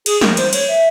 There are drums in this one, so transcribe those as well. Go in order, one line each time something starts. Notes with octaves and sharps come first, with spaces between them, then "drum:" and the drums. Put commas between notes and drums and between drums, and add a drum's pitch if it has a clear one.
G#4, drum: cymbal
A#4, drum: snare
C5, drum: cymbal
C#5, drum: cymbal
E5